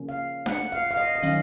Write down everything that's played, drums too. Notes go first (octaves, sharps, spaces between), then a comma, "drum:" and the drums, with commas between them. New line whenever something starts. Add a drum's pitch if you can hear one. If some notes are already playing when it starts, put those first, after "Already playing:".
Already playing: C#3 F3 A#3 C#4
F5
F#5, drum: snare D4
F5
F5
D#5
D#5
D#3 F#3 C#4 F5, drum: hi-hat